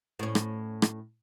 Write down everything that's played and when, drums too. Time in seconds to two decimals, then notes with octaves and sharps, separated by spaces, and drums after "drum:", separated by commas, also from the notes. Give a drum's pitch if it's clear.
0.19 A2 C#4
0.35 drum: rim click
0.82 drum: rim click